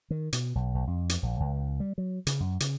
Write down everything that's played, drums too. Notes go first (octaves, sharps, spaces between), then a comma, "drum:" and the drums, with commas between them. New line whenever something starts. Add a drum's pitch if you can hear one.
D#3
B2, drum: hi-hat
B1
B1
F2
drum: hi-hat
A#1
C#2
G3
F#3
C#3, drum: hi-hat
F#2
C#3, drum: hi-hat